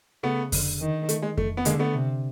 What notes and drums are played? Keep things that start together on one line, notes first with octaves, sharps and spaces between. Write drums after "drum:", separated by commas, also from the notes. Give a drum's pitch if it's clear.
C#3 A3 B3
D3, drum: kick F2, open hi-hat
D#3
A3, drum: hi-hat
G#3
A3, drum: kick F2
B3
D3 G#3 A#3, drum: hi-hat
A3 B3
C3